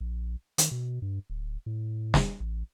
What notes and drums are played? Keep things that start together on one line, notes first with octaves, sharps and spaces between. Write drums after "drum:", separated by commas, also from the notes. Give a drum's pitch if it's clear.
A#1
D#3, drum: hi-hat
B2
G2
D1
A2
drum: snare
A1